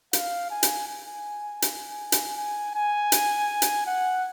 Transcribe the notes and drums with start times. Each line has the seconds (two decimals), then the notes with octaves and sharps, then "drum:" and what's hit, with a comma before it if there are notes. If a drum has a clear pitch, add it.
0.13 F5, drum: hi-hat
0.50 G#5
0.63 drum: hi-hat
0.88 G#5
1.62 drum: hi-hat
2.12 drum: hi-hat
2.37 G#5
2.75 G#5
3.12 drum: hi-hat
3.62 drum: hi-hat
3.87 F#5